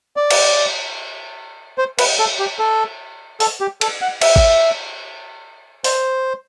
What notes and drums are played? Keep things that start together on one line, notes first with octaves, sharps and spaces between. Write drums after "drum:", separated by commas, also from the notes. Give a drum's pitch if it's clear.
D5
drum: cymbal
C5
B4, drum: cymbal
A4
G4
A4
A4, drum: open hi-hat
G4
A4, drum: cymbal
F#5
E5, drum: cymbal
drum: kick
C5, drum: open hi-hat